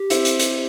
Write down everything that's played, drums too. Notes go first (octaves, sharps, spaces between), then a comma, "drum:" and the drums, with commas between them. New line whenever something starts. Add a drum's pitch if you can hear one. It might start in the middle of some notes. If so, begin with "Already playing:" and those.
Already playing: G4
C4 E4, drum: hi-hat
drum: hi-hat
drum: hi-hat